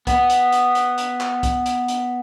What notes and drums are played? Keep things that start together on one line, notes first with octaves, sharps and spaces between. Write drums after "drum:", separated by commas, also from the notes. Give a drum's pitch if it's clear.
B3, drum: kick, hi-hat
drum: hi-hat
drum: hi-hat
drum: hi-hat
drum: hi-hat
drum: clap
drum: kick, hi-hat
drum: hi-hat
drum: hi-hat